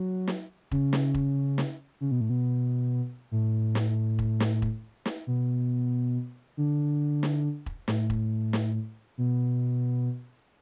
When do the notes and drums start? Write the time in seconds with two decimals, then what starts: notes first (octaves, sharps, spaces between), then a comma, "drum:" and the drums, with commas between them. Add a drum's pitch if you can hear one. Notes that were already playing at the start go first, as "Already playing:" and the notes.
Already playing: F#3
0.28 drum: snare
0.71 C#3, drum: kick E1
0.93 drum: snare
1.14 drum: kick E1
1.58 drum: snare
2.01 C#3
2.11 B2
2.21 A2
2.30 B2
3.31 A2
3.75 drum: snare
4.19 drum: kick E1
4.40 drum: snare
4.62 drum: kick E1
5.06 drum: snare
5.27 B2
6.57 D3
7.23 drum: snare
7.66 drum: kick E1
7.88 A2, drum: snare
8.10 drum: kick E1
8.53 drum: snare
9.18 B2